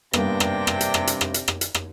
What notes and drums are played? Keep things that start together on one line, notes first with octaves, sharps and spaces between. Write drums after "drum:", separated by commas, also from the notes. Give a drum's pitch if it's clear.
G2 C3 A#3 B3 D4 G5 A#6, drum: rim click
drum: rim click
drum: rim click
drum: hi-hat
drum: rim click
drum: hi-hat
drum: rim click
drum: hi-hat
drum: rim click
drum: hi-hat
drum: rim click